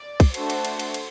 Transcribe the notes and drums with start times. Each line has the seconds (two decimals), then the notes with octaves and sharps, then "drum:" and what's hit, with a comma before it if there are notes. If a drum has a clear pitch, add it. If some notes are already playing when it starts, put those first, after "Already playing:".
Already playing: D5
0.20 drum: kick, cymbal
0.34 A3 D4 F#4 A4 C5, drum: cymbal
0.50 drum: cymbal
0.65 drum: cymbal
0.79 drum: cymbal
0.94 drum: cymbal